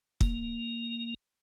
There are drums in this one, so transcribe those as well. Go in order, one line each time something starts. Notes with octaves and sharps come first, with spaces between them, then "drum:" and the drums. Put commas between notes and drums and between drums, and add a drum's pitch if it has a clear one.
A#3, drum: kick